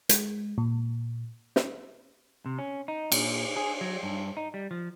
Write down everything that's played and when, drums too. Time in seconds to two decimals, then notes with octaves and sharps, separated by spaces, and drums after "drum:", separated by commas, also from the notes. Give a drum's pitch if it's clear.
0.09 G#3, drum: hi-hat
0.58 A#2
1.56 drum: snare
2.46 C3
2.59 C#4
2.88 D#4
3.12 A#2, drum: cymbal
3.57 G#4
3.81 F#3
4.03 G2
4.37 D#4
4.54 G3
4.71 F3